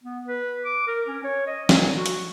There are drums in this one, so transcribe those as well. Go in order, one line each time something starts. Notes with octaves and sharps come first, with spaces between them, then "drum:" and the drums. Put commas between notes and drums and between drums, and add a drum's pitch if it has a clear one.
B3
B4
D6
A#4
C#4
C#5
D#5
F#3, drum: snare
F#4
drum: hi-hat